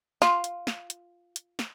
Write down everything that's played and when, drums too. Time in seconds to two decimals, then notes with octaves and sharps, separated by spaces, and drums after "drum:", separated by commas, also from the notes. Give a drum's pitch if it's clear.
0.22 F4, drum: snare
0.44 drum: hi-hat
0.67 drum: snare
0.90 drum: hi-hat
1.36 drum: hi-hat
1.59 drum: snare